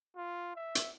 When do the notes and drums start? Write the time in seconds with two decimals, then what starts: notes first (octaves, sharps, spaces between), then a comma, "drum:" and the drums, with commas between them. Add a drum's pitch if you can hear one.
0.16 F4
0.56 E5
0.75 drum: hi-hat